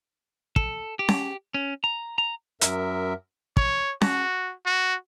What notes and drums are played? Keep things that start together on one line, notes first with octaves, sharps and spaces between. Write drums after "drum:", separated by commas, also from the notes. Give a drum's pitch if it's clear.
A4, drum: kick
G4
drum: snare C#4
C#4
A#5
A#5
F#2 A#4 E5, drum: hi-hat
C#5, drum: kick
F#4, drum: snare C#4
F#4